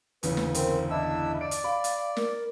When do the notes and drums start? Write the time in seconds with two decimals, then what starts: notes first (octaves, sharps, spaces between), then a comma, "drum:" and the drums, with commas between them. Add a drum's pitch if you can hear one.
0.23 G1 E2 C#3 B4, drum: hi-hat
0.37 drum: snare
0.54 C4 A#4, drum: hi-hat
0.90 D4 E4 D#5 E6
1.41 D5 D7
1.51 drum: hi-hat
1.64 F5 B5
1.84 drum: hi-hat
2.17 A#4, drum: snare